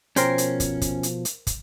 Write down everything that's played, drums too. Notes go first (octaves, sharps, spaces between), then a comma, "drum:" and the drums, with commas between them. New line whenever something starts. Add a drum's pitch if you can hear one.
B2 F3 C#4 A#4 C5 G5, drum: hi-hat
drum: hi-hat
drum: kick, hi-hat
drum: kick, hi-hat
drum: hi-hat
drum: hi-hat
drum: kick, hi-hat